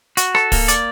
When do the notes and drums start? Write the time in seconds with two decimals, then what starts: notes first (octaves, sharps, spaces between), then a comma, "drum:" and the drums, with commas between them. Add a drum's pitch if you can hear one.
0.17 F#4, drum: hi-hat
0.35 A4, drum: rim click
0.52 A#3, drum: kick, open hi-hat
0.68 D5, drum: hi-hat